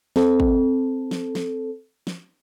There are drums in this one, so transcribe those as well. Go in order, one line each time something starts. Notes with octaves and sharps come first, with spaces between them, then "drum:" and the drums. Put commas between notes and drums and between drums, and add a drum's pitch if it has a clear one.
C4 A4, drum: snare
drum: kick
drum: snare
drum: snare
drum: snare